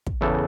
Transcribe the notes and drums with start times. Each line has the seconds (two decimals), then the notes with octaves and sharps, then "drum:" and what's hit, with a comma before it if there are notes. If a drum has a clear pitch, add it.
0.06 drum: kick
0.21 E2 C#3 E3 A4